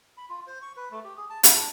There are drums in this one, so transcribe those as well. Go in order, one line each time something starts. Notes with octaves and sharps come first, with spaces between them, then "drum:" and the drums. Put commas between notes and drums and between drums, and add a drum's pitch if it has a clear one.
B5
F4
C5
C#6
B4
A3
G4
G#4
A5
E4, drum: hi-hat
D4